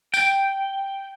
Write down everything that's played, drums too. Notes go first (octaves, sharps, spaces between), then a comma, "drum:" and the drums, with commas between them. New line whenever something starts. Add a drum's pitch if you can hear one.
G5, drum: tambourine